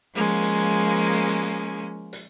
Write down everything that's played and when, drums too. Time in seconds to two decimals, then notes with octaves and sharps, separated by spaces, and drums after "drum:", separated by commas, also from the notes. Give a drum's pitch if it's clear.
0.14 F3 G#3 A#3 C#4
0.28 drum: hi-hat
0.42 drum: hi-hat
0.57 drum: hi-hat
1.13 drum: hi-hat
1.28 drum: hi-hat
1.42 drum: hi-hat
2.13 drum: hi-hat